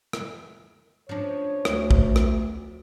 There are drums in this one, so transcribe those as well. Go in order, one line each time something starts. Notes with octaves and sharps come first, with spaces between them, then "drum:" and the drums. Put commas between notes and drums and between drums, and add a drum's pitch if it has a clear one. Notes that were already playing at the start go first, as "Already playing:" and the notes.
drum: rim click
F3 C#4 D4 C#5
D2, drum: rim click
drum: kick A#1
drum: rim click